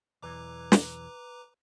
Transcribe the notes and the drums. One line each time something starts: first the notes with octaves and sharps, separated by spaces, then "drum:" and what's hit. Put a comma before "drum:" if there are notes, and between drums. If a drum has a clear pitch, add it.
B1 E2 E3 B4 A#5 D6
drum: snare